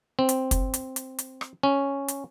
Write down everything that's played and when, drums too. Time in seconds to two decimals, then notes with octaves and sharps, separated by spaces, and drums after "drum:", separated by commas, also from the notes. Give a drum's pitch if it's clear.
0.19 C4
0.29 drum: hi-hat
0.51 drum: kick, hi-hat
0.74 drum: hi-hat
0.96 drum: hi-hat
1.19 drum: hi-hat
1.41 drum: rim click
1.63 C#4
2.08 drum: hi-hat